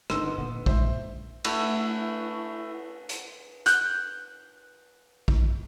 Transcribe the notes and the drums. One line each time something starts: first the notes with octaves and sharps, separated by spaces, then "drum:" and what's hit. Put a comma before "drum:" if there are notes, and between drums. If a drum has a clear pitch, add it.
G1 D3 D#3 D#4 C6 E6, drum: rim click
B3
A#2 D#3 B3
A#1 G#3 C5 E5, drum: kick A#1
A3 E4 F#4, drum: cymbal
drum: hi-hat
F#6 G6, drum: hi-hat
drum: kick A#1